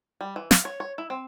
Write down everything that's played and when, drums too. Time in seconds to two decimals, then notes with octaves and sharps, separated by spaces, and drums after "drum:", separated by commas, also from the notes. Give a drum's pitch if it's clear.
0.21 G3
0.36 E3
0.51 F5, drum: snare
0.65 C#5
0.80 C#5
0.98 E4
1.10 C4